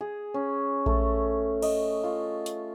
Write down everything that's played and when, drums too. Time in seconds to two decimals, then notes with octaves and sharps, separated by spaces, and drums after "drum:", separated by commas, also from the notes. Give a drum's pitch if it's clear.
0.01 G#4
0.34 C#4
0.86 A3, drum: kick A#1
1.62 D#5, drum: cymbal
2.04 F4
2.46 drum: hi-hat